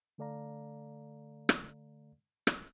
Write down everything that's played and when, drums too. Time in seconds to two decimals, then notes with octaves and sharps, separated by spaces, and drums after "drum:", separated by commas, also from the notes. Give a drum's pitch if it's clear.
0.18 D3 A3 A4 D5 F5 A#5
1.49 drum: rim click
2.47 drum: rim click